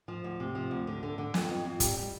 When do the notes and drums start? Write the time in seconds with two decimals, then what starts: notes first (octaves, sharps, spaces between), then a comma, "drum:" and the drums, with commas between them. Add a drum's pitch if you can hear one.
0.08 F3
0.24 D2
0.40 C3
0.55 F3
0.71 D2
0.87 D3
1.03 D3
1.18 D3
1.34 F2, drum: snare
1.49 F2
1.65 F2
1.80 G3, drum: kick, hi-hat
1.96 G3